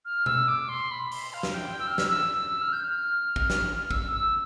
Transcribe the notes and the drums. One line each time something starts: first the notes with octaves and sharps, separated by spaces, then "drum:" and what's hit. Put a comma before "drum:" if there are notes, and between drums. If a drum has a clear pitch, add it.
F6
E6, drum: tom B2
D6
C6
B5
C6, drum: open hi-hat
F5
drum: snare
G5
E6
F6
E6, drum: snare
E6
F6
G6
F6
F6
drum: kick
drum: snare
E6, drum: kick
E6